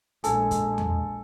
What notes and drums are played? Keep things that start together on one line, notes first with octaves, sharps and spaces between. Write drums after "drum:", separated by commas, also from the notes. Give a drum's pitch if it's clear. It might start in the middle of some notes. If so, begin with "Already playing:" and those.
A#1 G#3 A4 G#5, drum: hi-hat
drum: kick, hi-hat
drum: tom E2